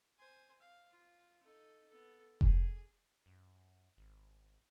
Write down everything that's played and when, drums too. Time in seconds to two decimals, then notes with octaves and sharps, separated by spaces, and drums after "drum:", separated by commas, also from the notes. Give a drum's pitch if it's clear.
0.18 C5 G#5
0.60 F5
0.90 F4
1.42 D#4 A4
1.88 B3 A4
2.41 G#4, drum: kick F1
3.26 F#2
3.97 G#1